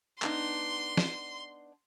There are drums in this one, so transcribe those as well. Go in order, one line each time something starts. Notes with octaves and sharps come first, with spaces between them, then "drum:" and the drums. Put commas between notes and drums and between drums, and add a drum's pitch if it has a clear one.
B3 D4 D#4 C6, drum: clap
drum: snare